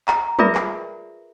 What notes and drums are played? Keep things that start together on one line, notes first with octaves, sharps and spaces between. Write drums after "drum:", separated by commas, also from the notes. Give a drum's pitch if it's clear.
A#5, drum: clap
F4 G#4 A#4 B4 D5 E5, drum: tom
drum: clap